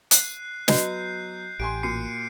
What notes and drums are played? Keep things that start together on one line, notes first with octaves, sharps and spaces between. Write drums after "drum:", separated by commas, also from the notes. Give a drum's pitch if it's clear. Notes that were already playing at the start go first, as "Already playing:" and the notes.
F#6 C7 D#7, drum: hi-hat
F#3 B3 F#4 D#5 F#6 G6 C7, drum: snare
A1 G4 G#5 C6 D7
A#2 F#4 C7 C#7 D#7